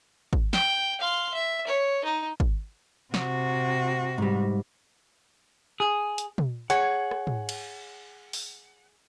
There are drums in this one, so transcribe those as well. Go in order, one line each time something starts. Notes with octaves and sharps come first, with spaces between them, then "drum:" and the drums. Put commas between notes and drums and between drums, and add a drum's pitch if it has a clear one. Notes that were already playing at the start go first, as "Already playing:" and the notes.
drum: kick G#1
G5, drum: snare
F5 C6
E5
C#5
D#4
drum: kick G#1
C3 F#4, drum: snare
G#2 G3
G#4
drum: hi-hat
drum: tom
G#4 C#5 F#5, drum: hi-hat
drum: rim click
drum: tom
drum: cymbal
drum: open hi-hat